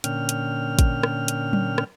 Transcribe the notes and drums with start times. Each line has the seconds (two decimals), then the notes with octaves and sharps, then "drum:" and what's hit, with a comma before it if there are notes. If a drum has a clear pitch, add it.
0.04 A#2 D3 C#4 G5 F6, drum: hi-hat
0.29 drum: hi-hat
0.79 drum: kick, hi-hat
1.03 drum: rim click
1.28 drum: hi-hat
1.53 drum: tom F#3
1.78 drum: rim click